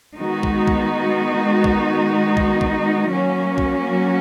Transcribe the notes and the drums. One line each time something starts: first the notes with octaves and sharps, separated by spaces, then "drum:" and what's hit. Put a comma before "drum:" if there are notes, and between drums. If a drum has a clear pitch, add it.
D#3 G#3 B3 D#4 F#4
drum: kick
drum: kick
drum: kick
drum: kick
drum: kick
F#3 A#3 C#4 F#4
drum: kick